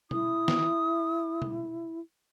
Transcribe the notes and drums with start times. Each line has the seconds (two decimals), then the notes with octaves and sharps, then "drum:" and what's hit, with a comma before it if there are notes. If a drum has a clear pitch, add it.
0.11 E4 D#6, drum: tom
0.48 drum: snare
1.42 drum: tom